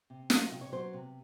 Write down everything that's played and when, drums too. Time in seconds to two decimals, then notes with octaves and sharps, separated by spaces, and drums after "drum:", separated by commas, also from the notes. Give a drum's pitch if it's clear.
0.10 C3
0.30 F#3 D#4, drum: snare
0.51 C3
0.61 C#5
0.72 F#3 C5
0.93 C3